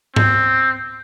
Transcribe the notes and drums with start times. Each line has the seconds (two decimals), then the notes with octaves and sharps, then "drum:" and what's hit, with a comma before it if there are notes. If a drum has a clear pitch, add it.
0.16 C4, drum: tom G#2